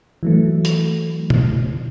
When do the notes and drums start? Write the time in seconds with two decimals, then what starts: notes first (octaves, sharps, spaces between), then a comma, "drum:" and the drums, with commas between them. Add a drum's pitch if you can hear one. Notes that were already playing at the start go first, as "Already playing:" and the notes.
0.23 E3 F#3 A3
0.65 drum: hi-hat
1.30 drum: tom